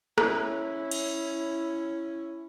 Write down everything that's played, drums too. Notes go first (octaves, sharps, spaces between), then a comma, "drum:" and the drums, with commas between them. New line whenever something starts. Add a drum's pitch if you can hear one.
C#4 E4, drum: rim click
drum: cymbal